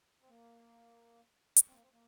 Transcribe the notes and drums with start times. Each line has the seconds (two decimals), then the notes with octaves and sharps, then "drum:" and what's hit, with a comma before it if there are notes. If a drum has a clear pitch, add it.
0.21 C4
0.29 A#3
1.56 drum: hi-hat
1.67 C4
1.74 A#3
1.81 C4
1.92 A#3